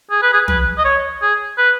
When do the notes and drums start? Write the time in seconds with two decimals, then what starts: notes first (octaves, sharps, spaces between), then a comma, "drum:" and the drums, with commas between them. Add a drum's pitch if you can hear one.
0.11 G#4
0.22 B4
0.33 G#4
0.48 B4, drum: tom
0.78 D#5
0.85 C#5
1.22 G#4
1.58 B4